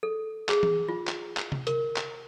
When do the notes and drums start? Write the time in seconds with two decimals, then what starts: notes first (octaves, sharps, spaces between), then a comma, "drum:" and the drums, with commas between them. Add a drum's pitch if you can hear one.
0.03 A4
0.49 G#4, drum: clap
0.63 drum: tom E3
0.88 F4
1.07 drum: clap
1.37 drum: clap
1.52 drum: tom C3
1.67 A#4, drum: hi-hat
1.96 drum: clap